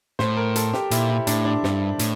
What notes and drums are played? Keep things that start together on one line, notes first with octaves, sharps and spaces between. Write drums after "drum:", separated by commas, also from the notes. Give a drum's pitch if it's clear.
A2 C5, drum: snare
A#4
A4, drum: hi-hat
G4, drum: snare
A#2 E4, drum: hi-hat
E4
A2 D4, drum: hi-hat
D4
G2, drum: snare
A2, drum: hi-hat